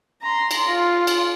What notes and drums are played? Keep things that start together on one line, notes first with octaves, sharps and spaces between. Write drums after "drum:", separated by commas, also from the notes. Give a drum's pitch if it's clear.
A#5 C6
drum: cymbal
F4
drum: cymbal